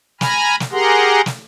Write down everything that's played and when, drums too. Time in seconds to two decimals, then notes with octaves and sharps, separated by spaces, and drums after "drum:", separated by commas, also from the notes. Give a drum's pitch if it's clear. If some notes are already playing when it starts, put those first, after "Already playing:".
0.21 G#5 A#5 B5 F6, drum: snare
0.60 drum: snare
0.72 G4 G#4 A#4 F#5 A#5 C6
1.26 drum: snare